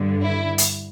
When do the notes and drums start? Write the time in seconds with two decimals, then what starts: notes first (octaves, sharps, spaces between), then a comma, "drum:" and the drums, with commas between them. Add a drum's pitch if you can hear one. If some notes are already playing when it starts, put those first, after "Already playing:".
Already playing: G2 D3
0.21 E4
0.58 drum: hi-hat